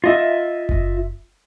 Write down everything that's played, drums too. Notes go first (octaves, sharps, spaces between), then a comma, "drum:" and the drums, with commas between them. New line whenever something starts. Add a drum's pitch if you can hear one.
F4 D#5 E5
drum: kick F#1